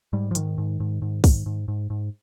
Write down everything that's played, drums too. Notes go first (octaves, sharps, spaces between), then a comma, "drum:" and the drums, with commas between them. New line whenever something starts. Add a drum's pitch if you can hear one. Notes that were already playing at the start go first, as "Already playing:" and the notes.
G#2 G3
F3
G#2 D#3, drum: hi-hat
G#2
G#2
G#2
G#2, drum: kick, open hi-hat
G#2
G#2
G#2